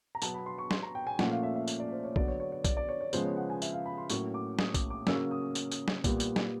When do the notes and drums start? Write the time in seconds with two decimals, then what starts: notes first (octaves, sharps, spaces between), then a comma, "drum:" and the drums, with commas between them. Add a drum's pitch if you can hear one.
0.15 A#5
0.22 B2 F#3 B3 A5, drum: tambourine
0.34 B5
0.46 C6
0.58 C#6
0.71 C6, drum: snare
0.83 A#5
0.95 G5
1.07 G#5
1.19 A#2 F3 A3 C#4 F#5, drum: snare
1.31 F5
1.43 E5
1.56 E5
1.67 drum: tambourine
1.80 D5
1.92 C5
2.04 C#5
2.16 D3 F#3 B3 D5, drum: kick
2.28 C#5
2.40 C#5
2.52 C#5
2.64 D5, drum: kick, tambourine
2.77 D5
2.89 C#5
3.01 C#5
3.13 C#3 F3 G#3 B3 C5, drum: tambourine
3.25 C#5
3.37 F#5
3.50 G#5
3.62 E5, drum: tambourine
3.73 F5
3.86 B5
3.98 C6
4.10 A2 F#3 A#3 C#4 C#6, drum: tambourine
4.34 D6
4.59 D#6, drum: snare
4.74 D6, drum: kick, tambourine
4.90 D6
5.07 C#3 F#3 A#3 C#4 E6, drum: snare
5.31 D#6
5.55 drum: tambourine
5.71 drum: tambourine
5.88 drum: snare
6.04 A#2 G3 B3, drum: kick, tambourine
6.20 drum: tambourine
6.36 drum: snare